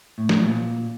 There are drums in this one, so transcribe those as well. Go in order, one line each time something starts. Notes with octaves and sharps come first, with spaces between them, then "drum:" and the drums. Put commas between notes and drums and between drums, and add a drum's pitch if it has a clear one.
A2
drum: snare
A#2